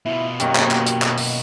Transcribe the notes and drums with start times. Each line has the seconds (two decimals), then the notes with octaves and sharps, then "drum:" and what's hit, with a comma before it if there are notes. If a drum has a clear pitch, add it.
0.05 B2 E4 F4
0.40 F#2 A#2 D#3 G4, drum: hi-hat
0.55 drum: clap
0.71 drum: clap
0.86 drum: hi-hat
1.02 drum: clap
1.18 drum: open hi-hat